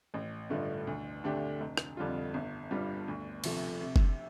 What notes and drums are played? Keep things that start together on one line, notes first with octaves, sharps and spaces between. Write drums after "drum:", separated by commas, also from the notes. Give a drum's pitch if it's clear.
A1
G2 D3 A3 F4
D2
D3 A3 D4 G4
F1
drum: rim click
F2 D3 G3 F4
G1
G2 G3 F4
D2
C3 F3 A3, drum: cymbal
C3
drum: kick F#1